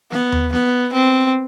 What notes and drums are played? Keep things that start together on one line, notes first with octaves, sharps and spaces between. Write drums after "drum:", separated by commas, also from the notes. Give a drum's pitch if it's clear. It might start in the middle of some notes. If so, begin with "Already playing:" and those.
B3, drum: snare
drum: tom D#2
B3, drum: snare
C4